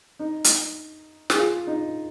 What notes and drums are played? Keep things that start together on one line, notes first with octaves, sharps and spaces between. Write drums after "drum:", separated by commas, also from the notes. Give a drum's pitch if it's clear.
D#4
drum: hi-hat
G#4, drum: snare
F4
D#4